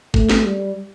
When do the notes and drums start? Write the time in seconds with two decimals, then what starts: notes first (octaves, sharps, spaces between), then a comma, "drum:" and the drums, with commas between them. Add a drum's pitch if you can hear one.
0.14 A3, drum: kick
0.30 drum: snare
0.45 G3